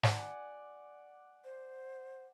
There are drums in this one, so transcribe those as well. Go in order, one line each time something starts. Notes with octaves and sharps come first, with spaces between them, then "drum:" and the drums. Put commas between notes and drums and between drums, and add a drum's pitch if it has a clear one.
D5 F#5 G#5, drum: snare
C5